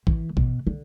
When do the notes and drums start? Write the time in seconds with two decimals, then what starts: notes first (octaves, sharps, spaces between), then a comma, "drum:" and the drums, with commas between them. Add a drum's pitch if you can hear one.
0.07 E3, drum: kick
0.37 B2, drum: kick
0.67 D3